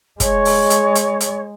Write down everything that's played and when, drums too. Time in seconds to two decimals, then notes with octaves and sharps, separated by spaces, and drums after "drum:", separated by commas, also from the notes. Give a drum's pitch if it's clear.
0.20 G#3 C#5, drum: kick, hi-hat
0.45 drum: open hi-hat
0.70 drum: hi-hat
0.95 drum: hi-hat
1.21 drum: hi-hat